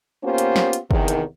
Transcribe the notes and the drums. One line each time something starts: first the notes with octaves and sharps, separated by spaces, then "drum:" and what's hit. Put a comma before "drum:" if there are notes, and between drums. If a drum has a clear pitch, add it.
A#3 B3 C#4 F4 G4 C5
drum: hi-hat
drum: snare
drum: hi-hat
E2 C3 D#3, drum: kick G1
drum: hi-hat